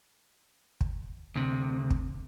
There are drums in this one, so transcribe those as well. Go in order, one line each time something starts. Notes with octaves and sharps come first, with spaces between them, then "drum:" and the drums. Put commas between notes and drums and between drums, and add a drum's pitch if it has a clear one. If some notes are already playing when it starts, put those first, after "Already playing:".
drum: kick
D2 C3
drum: kick